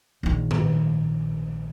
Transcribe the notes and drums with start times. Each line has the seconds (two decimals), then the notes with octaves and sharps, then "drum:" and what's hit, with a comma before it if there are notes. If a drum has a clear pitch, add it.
0.23 A#1 D#3
0.51 drum: tom G#2